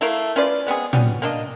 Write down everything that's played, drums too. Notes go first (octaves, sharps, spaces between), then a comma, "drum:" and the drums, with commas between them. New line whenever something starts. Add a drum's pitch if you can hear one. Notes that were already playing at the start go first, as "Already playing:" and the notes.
A3 E4 A#4 F5
C#4 F4 B4 D5
G#3 B3 C4 G#4
G3 B3 C#4, drum: tom
A#3 D4 D#5